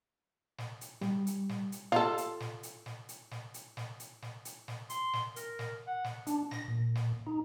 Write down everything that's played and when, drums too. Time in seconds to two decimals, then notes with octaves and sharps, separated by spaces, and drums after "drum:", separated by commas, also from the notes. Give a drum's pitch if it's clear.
0.58 drum: snare
0.81 drum: hi-hat
1.01 G3, drum: snare
1.27 drum: hi-hat
1.49 drum: snare
1.72 drum: hi-hat
1.92 F4 A4, drum: snare
2.18 drum: hi-hat
2.40 drum: snare
2.63 drum: hi-hat
2.86 drum: snare
3.09 drum: hi-hat
3.31 drum: snare
3.54 drum: hi-hat
3.77 drum: snare
4.00 drum: hi-hat
4.22 drum: snare
4.45 drum: hi-hat
4.68 drum: snare
4.90 C6, drum: hi-hat
5.13 drum: snare
5.36 A#4, drum: hi-hat
5.59 drum: snare
5.87 F#5
6.04 drum: snare
6.27 D4, drum: hi-hat
6.51 A#6, drum: snare
6.68 A#2
6.95 drum: snare
7.27 D#4